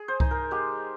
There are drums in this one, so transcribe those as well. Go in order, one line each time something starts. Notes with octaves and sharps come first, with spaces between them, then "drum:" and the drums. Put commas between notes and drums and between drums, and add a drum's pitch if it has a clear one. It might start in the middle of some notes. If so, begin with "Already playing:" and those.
Already playing: G#4
C5
D#4, drum: kick C2
A#4
G#3 G4